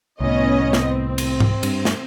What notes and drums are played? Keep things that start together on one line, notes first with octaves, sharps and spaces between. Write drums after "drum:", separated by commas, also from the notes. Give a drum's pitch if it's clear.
C2 A2 B3 C#4 D#5
drum: snare
C4
drum: cymbal
drum: tom G#2
G2, drum: cymbal
drum: snare